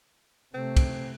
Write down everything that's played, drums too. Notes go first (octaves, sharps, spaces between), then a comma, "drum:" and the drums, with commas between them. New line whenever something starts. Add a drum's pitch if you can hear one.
C3 A3 C4
drum: kick, cymbal